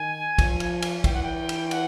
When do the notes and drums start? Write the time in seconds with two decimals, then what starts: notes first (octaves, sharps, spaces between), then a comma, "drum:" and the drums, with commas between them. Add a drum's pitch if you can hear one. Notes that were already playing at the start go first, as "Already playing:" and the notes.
Already playing: D#3 G#5
0.38 F3, drum: kick, cymbal
0.60 drum: cymbal
0.82 drum: cymbal
1.04 E3 G5, drum: kick, cymbal
1.14 F#5
1.23 G5
1.49 drum: cymbal
1.71 F#5, drum: cymbal